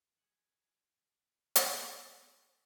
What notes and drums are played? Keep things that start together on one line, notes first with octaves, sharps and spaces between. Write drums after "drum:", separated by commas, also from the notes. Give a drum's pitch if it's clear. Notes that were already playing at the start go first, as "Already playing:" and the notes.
G#4 E5 F#5
drum: hi-hat